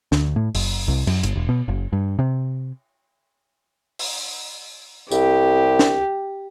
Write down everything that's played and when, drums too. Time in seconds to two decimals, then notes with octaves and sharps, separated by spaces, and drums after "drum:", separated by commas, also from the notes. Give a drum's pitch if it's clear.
0.12 D2, drum: snare
0.36 A2
0.55 F#1, drum: open hi-hat
0.88 C2
1.07 F#2, drum: cymbal
1.24 G1, drum: hi-hat
1.36 E1
1.49 B2
1.68 F#1
1.93 G2
2.19 C3
3.99 drum: open hi-hat
5.11 C2 G4, drum: tambourine
5.79 drum: snare